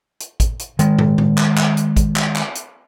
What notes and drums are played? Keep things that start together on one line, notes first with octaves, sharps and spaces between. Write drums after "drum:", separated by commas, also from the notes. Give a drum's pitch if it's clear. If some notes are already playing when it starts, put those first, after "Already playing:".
drum: hi-hat
drum: kick, hi-hat
drum: hi-hat
D#3 G#3, drum: hi-hat
drum: tom
drum: tom A2
drum: clap
drum: clap
drum: hi-hat
drum: kick, hi-hat
drum: clap
drum: clap
drum: hi-hat